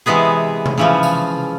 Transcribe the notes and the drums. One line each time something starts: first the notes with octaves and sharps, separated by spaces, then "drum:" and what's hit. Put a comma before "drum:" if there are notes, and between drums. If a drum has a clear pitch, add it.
C3 E3 G#3 B3 G#4
drum: tom C3
C#3 E3 F3
drum: tambourine